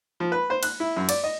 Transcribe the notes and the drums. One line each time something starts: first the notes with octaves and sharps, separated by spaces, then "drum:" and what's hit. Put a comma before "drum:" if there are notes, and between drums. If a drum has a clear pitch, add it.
F3
B4
C5
F#6, drum: cymbal
E4
F#2
D5, drum: cymbal
D#5